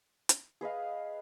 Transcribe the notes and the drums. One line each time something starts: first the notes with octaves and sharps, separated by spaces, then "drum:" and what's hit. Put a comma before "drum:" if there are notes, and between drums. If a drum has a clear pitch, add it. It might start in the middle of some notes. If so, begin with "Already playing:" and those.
drum: hi-hat
G#4 B4 D#5 F5